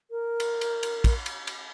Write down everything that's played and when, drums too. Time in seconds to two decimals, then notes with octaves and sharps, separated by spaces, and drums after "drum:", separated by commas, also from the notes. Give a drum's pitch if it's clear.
0.11 A#4
0.40 drum: cymbal
0.61 drum: cymbal
0.83 drum: cymbal
1.04 drum: kick, cymbal
1.26 drum: cymbal
1.47 drum: cymbal